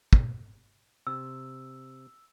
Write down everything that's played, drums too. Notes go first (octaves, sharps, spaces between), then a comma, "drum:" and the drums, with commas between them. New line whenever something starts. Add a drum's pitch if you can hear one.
drum: kick
C3 E6